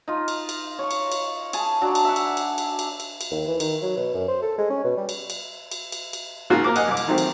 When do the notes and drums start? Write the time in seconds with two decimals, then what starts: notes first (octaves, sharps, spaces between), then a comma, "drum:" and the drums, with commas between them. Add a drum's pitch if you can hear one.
0.08 D#4 F4
0.28 drum: cymbal
0.49 drum: cymbal
0.79 C#5 C#6
0.91 drum: cymbal
1.12 drum: cymbal
1.53 G#4 A5, drum: cymbal
1.82 F#3 D4
1.95 drum: cymbal
2.05 E5 F#5
2.16 drum: cymbal
2.37 drum: cymbal
2.58 drum: cymbal
2.79 drum: cymbal
3.00 drum: cymbal
3.21 drum: cymbal
3.31 D#2
3.48 E3
3.60 D#3, drum: cymbal
3.82 F#3
3.97 B2
4.14 F#2
4.28 C5
4.42 A4
4.58 G#3
4.70 C#4
4.85 B2
4.97 G3
5.09 drum: cymbal
5.30 drum: cymbal
5.72 drum: cymbal
5.92 drum: cymbal
6.13 drum: cymbal
6.50 G#2 C#3 A#3 F4 F#4
6.64 A#3 A#4 D6
6.76 D#5 F#5 G#5, drum: cymbal
6.88 C2 D6
6.97 drum: cymbal
7.07 D#3 F3 F#3 A3 C4 G4
7.18 drum: cymbal